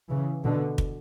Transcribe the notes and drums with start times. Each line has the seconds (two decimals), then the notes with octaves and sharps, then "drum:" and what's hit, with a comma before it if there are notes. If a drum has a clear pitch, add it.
0.10 C#3 E3
0.44 B2 D3
0.78 drum: kick